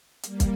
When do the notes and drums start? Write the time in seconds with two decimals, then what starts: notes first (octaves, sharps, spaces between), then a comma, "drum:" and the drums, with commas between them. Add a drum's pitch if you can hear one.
0.23 G3 A#3, drum: hi-hat
0.40 drum: kick, hi-hat